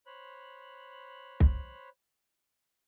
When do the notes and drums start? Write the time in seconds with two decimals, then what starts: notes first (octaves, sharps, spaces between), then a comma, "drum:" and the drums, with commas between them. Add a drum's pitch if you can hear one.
0.06 C5 C#5 B5 F#6
1.40 drum: kick